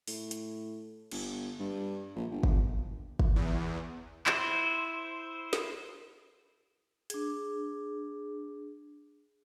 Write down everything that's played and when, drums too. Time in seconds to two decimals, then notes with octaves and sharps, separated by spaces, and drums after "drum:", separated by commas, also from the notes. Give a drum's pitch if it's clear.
0.07 A2, drum: open hi-hat
0.31 drum: hi-hat
1.11 G1, drum: cymbal
1.60 G2
2.16 A#1
2.31 G1
2.43 drum: kick
3.19 drum: kick
3.36 E2
4.26 E4 C5, drum: clap
5.53 drum: snare
7.10 D4 G#4, drum: hi-hat